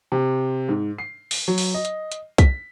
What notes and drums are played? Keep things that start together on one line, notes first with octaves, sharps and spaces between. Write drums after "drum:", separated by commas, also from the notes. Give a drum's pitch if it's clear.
C3
G#2
C7
drum: open hi-hat
F#3
drum: open hi-hat
D#5
drum: hi-hat
drum: hi-hat
B6, drum: kick, hi-hat